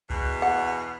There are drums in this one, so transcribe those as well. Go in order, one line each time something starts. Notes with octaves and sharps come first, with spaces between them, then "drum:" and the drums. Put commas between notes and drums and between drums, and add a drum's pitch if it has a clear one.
E2 B2, drum: kick C#2
F#5